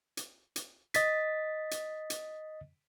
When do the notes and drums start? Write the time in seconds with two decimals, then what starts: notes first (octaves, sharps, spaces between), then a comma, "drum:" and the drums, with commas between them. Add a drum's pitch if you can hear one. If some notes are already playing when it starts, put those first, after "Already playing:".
0.17 drum: hi-hat
0.56 drum: hi-hat
0.94 D#5 A6 B6, drum: hi-hat
1.71 drum: hi-hat
2.10 drum: hi-hat